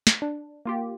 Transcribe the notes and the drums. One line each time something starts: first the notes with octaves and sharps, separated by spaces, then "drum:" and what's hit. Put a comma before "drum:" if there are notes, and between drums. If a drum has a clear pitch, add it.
drum: snare
D4
A#3 F4 G4